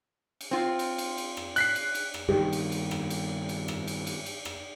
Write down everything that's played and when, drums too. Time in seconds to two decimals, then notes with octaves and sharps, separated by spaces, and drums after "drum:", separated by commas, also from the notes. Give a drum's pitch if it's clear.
0.41 drum: cymbal
0.51 C4 F4
0.79 drum: cymbal
0.98 drum: cymbal
1.18 drum: cymbal
1.37 drum: rim click
1.56 F#6 B6 C7, drum: cymbal
1.75 drum: cymbal
1.95 drum: cymbal
2.14 drum: rim click
2.29 G2 D#3 G4
2.53 drum: cymbal
2.72 drum: cymbal
2.91 drum: rim click
3.10 drum: cymbal
3.49 drum: cymbal
3.68 drum: rim click
3.87 drum: cymbal
4.07 drum: cymbal
4.26 drum: cymbal
4.45 drum: rim click